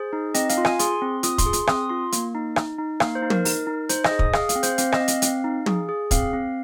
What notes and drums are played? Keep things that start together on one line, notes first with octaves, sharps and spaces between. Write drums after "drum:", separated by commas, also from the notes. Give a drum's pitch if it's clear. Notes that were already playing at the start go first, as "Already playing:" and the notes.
Already playing: G#4 C5
D#4
C4 D#5, drum: hi-hat
F5, drum: hi-hat
F4
G#5, drum: rim click
G#4 C6, drum: hi-hat
C4
F4 D#6, drum: hi-hat
C6, drum: kick, hi-hat
G#4
C6, drum: hi-hat
C4 D#6, drum: rim click
F4 C6
A#3, drum: hi-hat
D#4
D#4, drum: rim click
D#4
A#3 F5, drum: rim click
C5
D#4
A#4, drum: tom
D#4, drum: open hi-hat
D#4
D#4 C5, drum: hi-hat
D#5, drum: rim click
G#4
D#6, drum: kick
G#4 F5, drum: rim click
F5, drum: hi-hat
C4
C5, drum: hi-hat
C4 F5, drum: hi-hat
D#5, drum: rim click
C4
F5, drum: hi-hat
C4, drum: hi-hat
D#4
G#4, drum: tom
G#4
C4 F5, drum: kick, hi-hat
C4